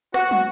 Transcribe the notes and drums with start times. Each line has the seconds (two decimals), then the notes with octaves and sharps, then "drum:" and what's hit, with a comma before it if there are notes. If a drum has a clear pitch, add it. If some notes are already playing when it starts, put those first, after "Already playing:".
0.14 F#4, drum: rim click
0.31 drum: tom